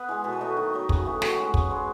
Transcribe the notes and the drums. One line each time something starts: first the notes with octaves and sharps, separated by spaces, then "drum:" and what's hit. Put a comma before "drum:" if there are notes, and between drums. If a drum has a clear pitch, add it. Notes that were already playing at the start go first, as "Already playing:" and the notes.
Already playing: B3 B4 F#5
E3 G#3
B2 A4
B4
F#3 A3 D#5
D#3
F#3 B3
C#3 G#4, drum: kick
E3 A3
A2 F#4, drum: snare
G#3 B3
C#3 G#4, drum: kick
G#3 B3